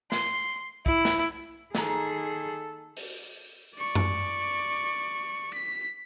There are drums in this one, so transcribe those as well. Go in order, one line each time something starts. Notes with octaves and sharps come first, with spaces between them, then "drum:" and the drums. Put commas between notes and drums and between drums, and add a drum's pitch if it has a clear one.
C6, drum: snare
E4, drum: kick
drum: snare
D#3 A#3 G#4 A4 A#5, drum: snare
drum: open hi-hat
D5 C#6
drum: tom F#2
B6